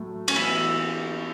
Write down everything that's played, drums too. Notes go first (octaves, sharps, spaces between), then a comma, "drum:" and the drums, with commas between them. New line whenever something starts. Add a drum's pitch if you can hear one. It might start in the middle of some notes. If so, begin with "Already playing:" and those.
Already playing: A2 F#3 A3
C#4, drum: cymbal
E3 B3 E4 F#4